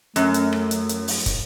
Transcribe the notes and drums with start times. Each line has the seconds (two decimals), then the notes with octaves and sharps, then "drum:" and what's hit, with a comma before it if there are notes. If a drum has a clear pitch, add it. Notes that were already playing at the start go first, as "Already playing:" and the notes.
0.16 F#2 A3, drum: hi-hat
0.34 drum: hi-hat
0.53 drum: rim click
0.71 drum: hi-hat
0.89 drum: hi-hat
1.08 drum: open hi-hat
1.26 drum: kick, hi-hat